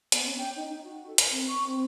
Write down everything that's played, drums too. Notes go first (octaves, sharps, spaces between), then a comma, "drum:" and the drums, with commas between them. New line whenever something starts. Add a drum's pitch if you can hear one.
B3, drum: hi-hat
C#4
G5
D#4
D#4
F#4
A4
A#4, drum: hi-hat
C4
C#6
C4